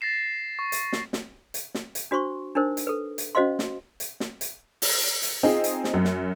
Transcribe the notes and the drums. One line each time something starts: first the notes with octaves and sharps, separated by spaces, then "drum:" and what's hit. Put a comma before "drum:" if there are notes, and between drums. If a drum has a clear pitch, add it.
A6 A#6 C7 E7
C#6
drum: hi-hat
drum: snare
drum: snare
drum: hi-hat
drum: snare
drum: hi-hat
D4 F#4 C5 C6 C#6
D4 D#4 A#4 C5
drum: hi-hat
A4 B4
drum: hi-hat
C#4 F#4 C5 D#5 F5 C6
drum: snare
drum: hi-hat
drum: snare
drum: hi-hat
drum: open hi-hat
drum: hi-hat
C4 D#4 F4 G#4
drum: hi-hat
drum: snare
F#2
drum: snare